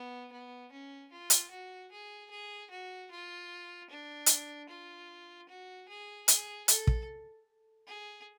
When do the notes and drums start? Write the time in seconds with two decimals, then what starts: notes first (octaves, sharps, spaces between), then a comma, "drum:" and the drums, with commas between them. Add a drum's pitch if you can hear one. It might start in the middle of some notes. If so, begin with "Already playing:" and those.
Already playing: B3
0.32 B3
0.72 C#4
1.12 F4
1.30 drum: hi-hat
1.51 F#4
1.92 G#4
2.30 G#4
2.70 F#4
3.11 F4
3.90 D4
4.26 drum: hi-hat
4.69 F4
5.48 F#4
5.88 G#4
6.28 G#4, drum: hi-hat
6.68 A4, drum: hi-hat
6.87 drum: kick
7.87 G#4